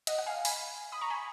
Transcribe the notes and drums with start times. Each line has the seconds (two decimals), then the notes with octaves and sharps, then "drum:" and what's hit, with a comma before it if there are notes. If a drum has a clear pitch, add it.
0.07 D#5 F#5, drum: hi-hat
0.19 F#5
0.26 F5 G#5
0.45 G#5 B5, drum: open hi-hat
0.92 B5 D#6
1.01 A#5 C#6
1.10 G#5 B5